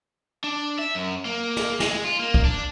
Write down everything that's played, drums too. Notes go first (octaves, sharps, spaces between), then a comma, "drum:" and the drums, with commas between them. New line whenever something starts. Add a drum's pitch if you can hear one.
D4
E5
F#2
A#3
drum: snare
G#3, drum: snare
F4
A#3
drum: kick C2
D4